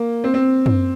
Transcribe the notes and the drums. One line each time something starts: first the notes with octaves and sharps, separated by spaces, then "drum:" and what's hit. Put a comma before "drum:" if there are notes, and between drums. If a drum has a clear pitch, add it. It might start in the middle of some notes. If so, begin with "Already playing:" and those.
Already playing: A#3
C4
C4
drum: tom F#2